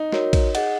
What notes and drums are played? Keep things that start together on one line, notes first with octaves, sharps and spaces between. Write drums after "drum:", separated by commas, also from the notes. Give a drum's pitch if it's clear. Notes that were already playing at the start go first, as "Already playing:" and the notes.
Already playing: D#4
F#4 A#4 C#5, drum: snare
drum: kick, cymbal
G#4 D#5 F#5, drum: cymbal